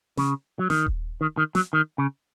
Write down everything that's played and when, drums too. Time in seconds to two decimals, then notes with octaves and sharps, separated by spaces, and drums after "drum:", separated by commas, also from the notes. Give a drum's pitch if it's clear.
0.17 C#3, drum: snare
0.59 F#3
0.70 D#3, drum: snare
0.87 drum: kick D#1
1.21 D#3
1.37 D#3
1.55 F#3, drum: snare
1.73 D#3
1.98 C#3